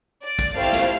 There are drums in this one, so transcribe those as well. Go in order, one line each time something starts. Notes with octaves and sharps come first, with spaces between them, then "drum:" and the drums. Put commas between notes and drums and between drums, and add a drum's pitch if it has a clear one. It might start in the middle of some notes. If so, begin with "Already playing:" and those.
D5
drum: kick, hi-hat
A3 C4 E4 G4 F5
drum: snare